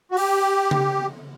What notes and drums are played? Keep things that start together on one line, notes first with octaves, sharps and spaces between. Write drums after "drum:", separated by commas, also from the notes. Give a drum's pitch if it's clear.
F#4
G4, drum: open hi-hat
drum: tom C#3